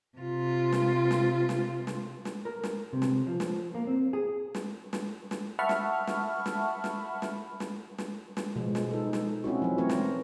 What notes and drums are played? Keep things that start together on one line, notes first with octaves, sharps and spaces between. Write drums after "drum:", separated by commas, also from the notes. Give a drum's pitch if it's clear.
C3 F4
drum: snare
drum: snare
drum: snare
drum: snare
drum: snare
A#4
drum: snare
C3
drum: snare
F3
drum: snare
A#3
C4
G#4
drum: snare
drum: snare
drum: snare
E5 F#5 A5 B5 C#6 F6
drum: snare
drum: snare
drum: snare
drum: snare
drum: snare
drum: snare
drum: snare
drum: snare
B2 F3 G#3
drum: snare
D#4 A4
drum: snare
C4 C#4 E4 F#4
F3 F#3
E3 A3 C4 A#4 C#5
drum: snare